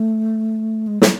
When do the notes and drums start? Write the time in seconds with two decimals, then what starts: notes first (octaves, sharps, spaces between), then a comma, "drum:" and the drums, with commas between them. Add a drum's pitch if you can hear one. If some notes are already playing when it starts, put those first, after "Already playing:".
Already playing: A3
0.87 G#3
1.02 F#3, drum: snare